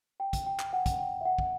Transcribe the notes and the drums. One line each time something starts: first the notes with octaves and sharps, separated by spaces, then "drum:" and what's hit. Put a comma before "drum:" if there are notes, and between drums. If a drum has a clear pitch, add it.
G5
drum: kick, hi-hat
G5
drum: clap
F#5
drum: kick, hi-hat
G5
E5
F#5
drum: kick